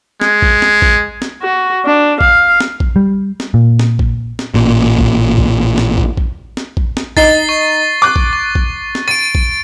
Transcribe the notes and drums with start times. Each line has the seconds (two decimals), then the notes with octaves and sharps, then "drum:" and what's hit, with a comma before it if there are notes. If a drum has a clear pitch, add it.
0.21 G#3, drum: snare
0.42 drum: kick
0.62 drum: snare
0.82 drum: kick
1.22 drum: snare
1.43 F#4
1.85 D4
2.21 F5, drum: kick
2.61 drum: snare
2.80 drum: kick
2.96 G3
3.40 drum: snare
3.54 A#2
3.79 drum: snare
3.99 drum: kick
4.39 drum: snare
4.54 A1 A#2
4.98 drum: kick
5.38 drum: kick
5.78 drum: snare
5.98 drum: kick
6.17 drum: kick
6.57 drum: snare
6.77 drum: kick
6.97 drum: snare
7.17 D#4 A6 C7 G7, drum: kick
7.49 C#6 G7
8.02 D6 F#6
8.16 drum: kick
8.33 C#6
8.55 drum: kick
8.95 drum: snare
9.08 A6 D7 D#7
9.35 drum: kick